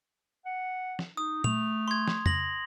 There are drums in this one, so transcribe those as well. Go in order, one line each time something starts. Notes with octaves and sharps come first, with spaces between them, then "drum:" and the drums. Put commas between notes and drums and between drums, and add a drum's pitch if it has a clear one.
F#5
drum: snare
D#4 D#6
A3 F7, drum: tom A#2
C6 G#6
drum: snare
A#6 F#7, drum: tom F2